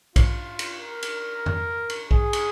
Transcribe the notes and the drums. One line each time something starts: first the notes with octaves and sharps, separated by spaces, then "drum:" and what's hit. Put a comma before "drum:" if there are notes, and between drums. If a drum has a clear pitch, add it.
F4, drum: kick, cymbal
drum: cymbal
A#4
drum: cymbal
drum: tom F2
drum: cymbal
G#4, drum: kick
drum: cymbal